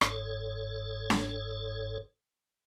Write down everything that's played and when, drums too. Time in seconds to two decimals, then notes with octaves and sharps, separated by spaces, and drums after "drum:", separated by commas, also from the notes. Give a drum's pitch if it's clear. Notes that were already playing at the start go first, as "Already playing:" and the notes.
0.01 G1 G#2 A4 C#5, drum: rim click
1.10 drum: snare D4